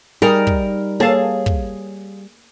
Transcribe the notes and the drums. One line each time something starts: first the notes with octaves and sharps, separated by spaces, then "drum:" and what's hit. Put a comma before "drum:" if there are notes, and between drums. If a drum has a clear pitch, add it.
G3 D#4 G#4 A#4
drum: kick
A#3 G#4 A4 C#5 F5 A5
drum: kick